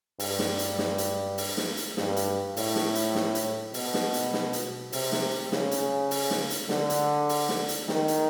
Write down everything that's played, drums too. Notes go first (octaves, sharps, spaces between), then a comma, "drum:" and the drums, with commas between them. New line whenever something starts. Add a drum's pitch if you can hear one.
G2, drum: open hi-hat
drum: snare
drum: hi-hat
drum: snare
drum: hi-hat
drum: open hi-hat
drum: snare
drum: hi-hat
G2, drum: snare
drum: hi-hat
A2, drum: open hi-hat
drum: snare
drum: hi-hat
drum: snare
drum: hi-hat
B2, drum: open hi-hat
drum: snare
drum: hi-hat
drum: snare
drum: hi-hat
C3, drum: open hi-hat
drum: snare
C#3, drum: snare
drum: hi-hat
drum: open hi-hat
drum: snare
drum: hi-hat
D3, drum: snare
drum: hi-hat
drum: open hi-hat
drum: snare
drum: hi-hat
D#3, drum: snare
drum: hi-hat